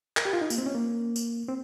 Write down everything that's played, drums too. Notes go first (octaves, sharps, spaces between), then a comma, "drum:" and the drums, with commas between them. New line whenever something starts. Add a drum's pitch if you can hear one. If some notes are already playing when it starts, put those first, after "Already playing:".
A#4, drum: clap
G4
F4
D#4
A#3, drum: tambourine
C4
C#4
A#3
drum: tambourine
C4